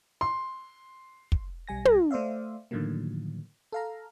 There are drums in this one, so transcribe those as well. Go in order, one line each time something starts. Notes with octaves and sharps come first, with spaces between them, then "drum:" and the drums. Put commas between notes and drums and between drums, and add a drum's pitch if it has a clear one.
C6
drum: kick
B1 G3 G#5 A#6
drum: tom
A3 C5 D5 E5 F5
A2 D3 D#3 F3 F#3 A#3
A4 F5 A#5